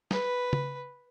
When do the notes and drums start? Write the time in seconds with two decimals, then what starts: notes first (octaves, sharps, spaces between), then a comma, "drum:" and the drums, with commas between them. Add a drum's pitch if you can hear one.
0.11 B4, drum: snare
0.53 drum: tom C#3